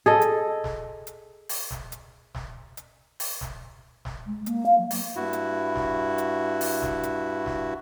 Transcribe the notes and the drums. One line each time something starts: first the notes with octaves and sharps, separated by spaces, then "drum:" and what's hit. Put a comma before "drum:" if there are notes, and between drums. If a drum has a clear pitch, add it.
G#4 A4 D#5
drum: hi-hat
drum: snare
drum: hi-hat
drum: open hi-hat
drum: snare
drum: hi-hat
drum: snare
drum: hi-hat
drum: open hi-hat
drum: snare
drum: snare
G#3
A#3, drum: hi-hat
F5
F#3
A#3, drum: open hi-hat
G2 E4 F#4
drum: hi-hat
drum: snare
drum: hi-hat
drum: open hi-hat
drum: snare
drum: hi-hat
drum: snare